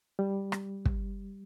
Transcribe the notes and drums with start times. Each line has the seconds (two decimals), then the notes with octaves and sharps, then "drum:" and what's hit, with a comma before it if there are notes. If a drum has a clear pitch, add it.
0.19 G3
0.52 drum: rim click
0.85 drum: kick